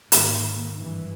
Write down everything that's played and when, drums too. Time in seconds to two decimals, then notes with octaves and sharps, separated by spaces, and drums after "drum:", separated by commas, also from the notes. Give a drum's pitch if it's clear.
0.12 G#2 D#3 A#3, drum: hi-hat
0.75 G2 E3